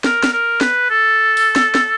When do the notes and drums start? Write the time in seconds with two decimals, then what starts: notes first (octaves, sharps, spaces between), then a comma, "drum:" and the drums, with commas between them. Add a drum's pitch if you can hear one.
0.04 A#4, drum: snare
0.23 drum: snare
0.33 A#4
0.61 B4, drum: snare
0.90 A4
1.37 drum: open hi-hat
1.56 drum: snare
1.75 drum: snare